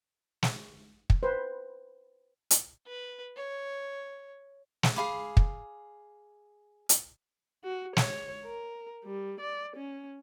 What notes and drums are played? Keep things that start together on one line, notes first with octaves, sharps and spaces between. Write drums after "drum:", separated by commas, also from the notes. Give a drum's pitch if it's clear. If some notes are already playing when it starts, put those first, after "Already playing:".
drum: snare
drum: kick
B4 C5
drum: hi-hat
B4
C#5
drum: snare
G#4 F5 B5 D6
drum: kick
drum: hi-hat
F#4
C#5, drum: snare
A#4
G3
D5
C#4